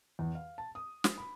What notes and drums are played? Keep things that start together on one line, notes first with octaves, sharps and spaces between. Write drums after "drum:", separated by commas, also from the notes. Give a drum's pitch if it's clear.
E2
F5
A5
D#6
drum: snare
B5